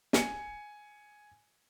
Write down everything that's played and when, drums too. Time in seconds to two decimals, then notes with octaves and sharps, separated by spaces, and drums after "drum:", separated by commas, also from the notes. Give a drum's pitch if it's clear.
0.13 G#5 C#7, drum: snare